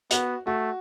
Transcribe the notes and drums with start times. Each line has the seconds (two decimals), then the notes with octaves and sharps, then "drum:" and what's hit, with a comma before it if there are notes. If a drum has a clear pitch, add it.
0.11 B3 F#4, drum: hi-hat
0.46 A3 F#4